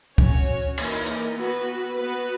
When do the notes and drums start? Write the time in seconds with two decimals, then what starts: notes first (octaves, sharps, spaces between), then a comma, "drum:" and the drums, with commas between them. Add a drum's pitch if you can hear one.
0.18 C#4 F#4 C#5, drum: kick
0.78 E3 A#3 D#4 A#4, drum: cymbal
1.06 drum: hi-hat
1.37 B3 F#4 B4
1.97 B3 F#4 B4